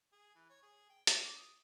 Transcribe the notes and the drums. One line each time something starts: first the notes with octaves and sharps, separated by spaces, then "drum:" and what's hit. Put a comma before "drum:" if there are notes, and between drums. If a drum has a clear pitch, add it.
G#4
E3
C#5
G#4
G5
C#5, drum: hi-hat
D6
D#6